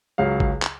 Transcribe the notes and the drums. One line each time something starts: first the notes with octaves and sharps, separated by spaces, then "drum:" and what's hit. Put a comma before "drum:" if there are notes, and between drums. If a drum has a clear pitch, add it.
C#2 C#3 F#3 C#4 F5
drum: kick G#1
drum: clap